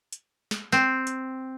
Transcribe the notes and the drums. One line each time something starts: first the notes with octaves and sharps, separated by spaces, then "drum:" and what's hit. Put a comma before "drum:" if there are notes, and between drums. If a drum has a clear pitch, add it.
drum: hi-hat
drum: snare
C4, drum: snare
drum: hi-hat